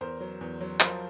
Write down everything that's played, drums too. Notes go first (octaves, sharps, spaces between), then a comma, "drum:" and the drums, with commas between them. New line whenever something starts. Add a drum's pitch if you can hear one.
E2 A#4 C5
F#3
E2
F#3
F3 A#4 C5, drum: clap